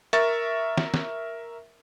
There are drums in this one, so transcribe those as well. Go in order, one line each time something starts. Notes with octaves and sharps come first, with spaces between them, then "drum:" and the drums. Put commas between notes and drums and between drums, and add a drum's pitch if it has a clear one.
A#4 E5 C#6 A6, drum: hi-hat
drum: snare
drum: snare